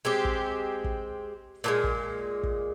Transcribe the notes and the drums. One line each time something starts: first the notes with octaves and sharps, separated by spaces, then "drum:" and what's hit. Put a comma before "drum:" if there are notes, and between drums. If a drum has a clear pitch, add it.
G#3 C4 G4
drum: kick
drum: kick
A#2 F3 G#3
drum: kick
drum: kick